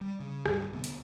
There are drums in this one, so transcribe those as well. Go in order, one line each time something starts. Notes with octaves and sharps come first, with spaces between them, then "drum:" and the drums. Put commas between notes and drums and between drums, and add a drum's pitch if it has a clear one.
G3
C#3
D2 G#2 G3, drum: rim click
D2 C3 B3
drum: hi-hat